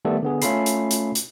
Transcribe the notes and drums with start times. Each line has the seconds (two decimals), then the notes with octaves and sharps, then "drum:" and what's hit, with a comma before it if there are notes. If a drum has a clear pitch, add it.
0.05 D#3 G3 A3 B3 A4
0.22 D3 B3 G#4
0.42 A3 C#4 F4 A4 B5 C7, drum: hi-hat
0.66 drum: hi-hat
0.91 drum: hi-hat
1.15 drum: hi-hat